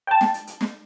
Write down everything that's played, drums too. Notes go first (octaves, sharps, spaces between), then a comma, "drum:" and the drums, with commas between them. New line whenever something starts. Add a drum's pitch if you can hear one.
G5 A5
drum: snare
drum: hi-hat
drum: hi-hat
drum: snare